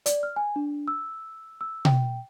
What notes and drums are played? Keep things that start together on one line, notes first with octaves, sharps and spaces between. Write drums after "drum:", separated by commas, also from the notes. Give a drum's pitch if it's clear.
D5, drum: hi-hat
F6
G#5
D4
E6
E6
G5, drum: tom B2